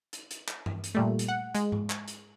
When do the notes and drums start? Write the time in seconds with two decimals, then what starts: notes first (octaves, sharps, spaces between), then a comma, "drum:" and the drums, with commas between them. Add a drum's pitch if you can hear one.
0.13 drum: hi-hat
0.31 drum: hi-hat
0.48 drum: clap
0.66 drum: tom G2
0.84 drum: hi-hat
0.95 A#2 G3 A3
1.19 drum: hi-hat
1.28 F#5
1.55 G#3, drum: hi-hat
1.72 drum: tom G#2
1.90 drum: clap
2.08 drum: hi-hat